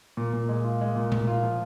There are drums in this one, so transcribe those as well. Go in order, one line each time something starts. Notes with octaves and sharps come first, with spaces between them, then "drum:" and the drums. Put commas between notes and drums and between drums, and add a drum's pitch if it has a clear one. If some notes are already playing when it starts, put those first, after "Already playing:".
A#2
A#2
G#3
F4
G#3
A#2
A#2, drum: tom B2
F4
F3